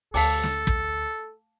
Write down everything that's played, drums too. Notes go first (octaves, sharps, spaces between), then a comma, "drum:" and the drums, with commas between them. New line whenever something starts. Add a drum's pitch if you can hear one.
D2 A4 F5 A5 D6, drum: open hi-hat
drum: snare
drum: kick